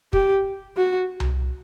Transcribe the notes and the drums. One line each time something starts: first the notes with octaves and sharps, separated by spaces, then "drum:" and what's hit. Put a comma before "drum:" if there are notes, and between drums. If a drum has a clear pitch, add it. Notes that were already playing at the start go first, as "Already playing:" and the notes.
G4, drum: kick
F#4
drum: tom C2